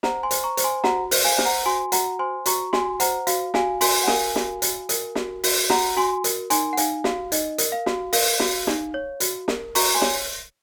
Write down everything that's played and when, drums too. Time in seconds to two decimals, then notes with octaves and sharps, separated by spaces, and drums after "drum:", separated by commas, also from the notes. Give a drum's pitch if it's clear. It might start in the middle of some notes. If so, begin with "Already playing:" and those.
0.03 C5 F#5 A#5, drum: snare
0.23 G#5 C6
0.31 C5, drum: hi-hat
0.44 A#5 C#6
0.57 C5, drum: hi-hat
0.64 G#5 C6
0.84 F#4 F#5 A#5, drum: snare
1.11 C5, drum: open hi-hat
1.25 F5 G#5
1.38 C5, drum: snare
1.45 F#5 A#5
1.66 F#4 G#5 C6
1.92 F#4 F#5 A#5, drum: hi-hat
2.19 C5 G#5 C6
2.46 F#4 A#5 C#6, drum: hi-hat
2.73 F#4 G#5 C6, drum: snare
3.00 C5 F#5 A#5, drum: hi-hat
3.27 F#4 F5, drum: hi-hat
3.54 F#4 F5 G#5, drum: snare
3.81 F#4 G#5 C6, drum: open hi-hat
4.04 F#5
4.07 A#4 F5 G#5, drum: snare
4.36 F#4, drum: snare
4.62 F#4, drum: hi-hat
4.89 A#4, drum: hi-hat
5.15 F#4, drum: snare
5.44 F#4, drum: open hi-hat
5.70 F#4 F#5 A#5, drum: snare
5.97 F#4 G#5 C6
6.24 A#4, drum: hi-hat
6.50 D#4 G#5 C6, drum: hi-hat
6.73 F#5
6.77 D#4 F5 G#5, drum: hi-hat
7.04 F#4 F5, drum: snare
7.32 D#4 D#5, drum: hi-hat
7.58 A#4, drum: hi-hat
7.72 F5
7.86 F#4, drum: snare
8.13 A#4 F5, drum: open hi-hat
8.40 F#4, drum: snare
8.67 D#4, drum: snare
8.94 C#5
9.20 F#4, drum: hi-hat
9.48 A#4, drum: snare
9.75 F#4 A#5 C#6, drum: open hi-hat
9.94 G#5 C6
10.02 C#5, drum: snare